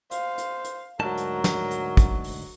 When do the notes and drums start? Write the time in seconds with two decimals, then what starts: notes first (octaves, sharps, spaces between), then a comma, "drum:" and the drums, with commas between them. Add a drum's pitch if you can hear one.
0.11 C5 F5, drum: hi-hat
0.38 drum: hi-hat
0.64 drum: hi-hat
1.00 D2 G#2 F#3 A#4 A5
1.18 drum: hi-hat
1.44 drum: snare
1.71 drum: hi-hat
1.97 drum: kick, hi-hat
2.24 drum: open hi-hat